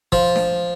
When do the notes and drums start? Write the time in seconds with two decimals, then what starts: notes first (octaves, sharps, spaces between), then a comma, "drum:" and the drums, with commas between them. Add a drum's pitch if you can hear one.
0.12 F3, drum: kick
0.36 drum: snare D4